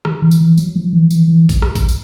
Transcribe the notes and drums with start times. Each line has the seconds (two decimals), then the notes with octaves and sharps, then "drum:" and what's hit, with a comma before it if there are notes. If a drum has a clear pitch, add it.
0.05 D#3, drum: rim click
0.22 E3
0.31 drum: tambourine
0.40 E3
0.58 F#3, drum: tambourine
0.76 F3
0.93 E3
1.10 E3, drum: tambourine
1.27 E3
1.49 drum: kick A1, tambourine
1.62 drum: rim click
1.75 drum: kick A1, tambourine
1.89 drum: tambourine